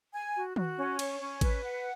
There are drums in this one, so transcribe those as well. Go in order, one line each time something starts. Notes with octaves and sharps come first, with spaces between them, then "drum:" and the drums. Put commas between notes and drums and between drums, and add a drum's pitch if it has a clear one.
G#5
F#4
F#4, drum: tom D#3
C#4
C#5, drum: cymbal
C#4
B4, drum: kick A1, cymbal
F#5